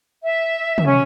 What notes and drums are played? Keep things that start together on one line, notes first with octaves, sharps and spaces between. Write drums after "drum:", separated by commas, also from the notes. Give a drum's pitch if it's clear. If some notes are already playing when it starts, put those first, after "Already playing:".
E5
drum: tom
C#4